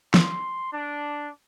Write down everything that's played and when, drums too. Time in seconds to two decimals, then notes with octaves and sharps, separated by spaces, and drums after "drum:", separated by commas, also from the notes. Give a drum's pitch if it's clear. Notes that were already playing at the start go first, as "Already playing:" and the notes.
0.14 C6, drum: snare
0.73 D4